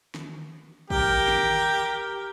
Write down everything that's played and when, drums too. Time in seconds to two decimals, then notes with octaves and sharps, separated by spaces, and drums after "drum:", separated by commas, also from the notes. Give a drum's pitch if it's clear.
0.15 drum: snare
0.90 G4 A#4, drum: kick
1.28 drum: snare